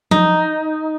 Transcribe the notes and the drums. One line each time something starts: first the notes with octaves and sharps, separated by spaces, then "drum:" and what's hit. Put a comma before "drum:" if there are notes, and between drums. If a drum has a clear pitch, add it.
D#4, drum: tom F3